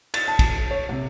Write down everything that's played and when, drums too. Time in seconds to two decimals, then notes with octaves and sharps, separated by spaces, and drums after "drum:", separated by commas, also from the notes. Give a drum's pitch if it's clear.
0.14 A6, drum: cymbal
0.28 A5
0.39 drum: kick, cymbal
0.71 C#5
0.89 C3